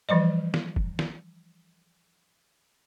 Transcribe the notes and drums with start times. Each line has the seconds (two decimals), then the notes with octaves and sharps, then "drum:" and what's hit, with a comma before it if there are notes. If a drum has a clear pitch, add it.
0.09 E3 F3 G3 D5 D#5
0.54 drum: snare
0.76 drum: kick
0.99 drum: snare